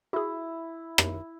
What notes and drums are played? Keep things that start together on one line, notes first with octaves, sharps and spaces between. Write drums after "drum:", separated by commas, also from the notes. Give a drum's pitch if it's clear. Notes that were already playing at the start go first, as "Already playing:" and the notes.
E4 F#4 G#4
drum: rim click